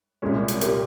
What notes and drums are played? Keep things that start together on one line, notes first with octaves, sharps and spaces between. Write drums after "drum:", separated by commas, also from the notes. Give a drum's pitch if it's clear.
C2 A#2 G#3 C#4
drum: hi-hat
G4 A#4, drum: hi-hat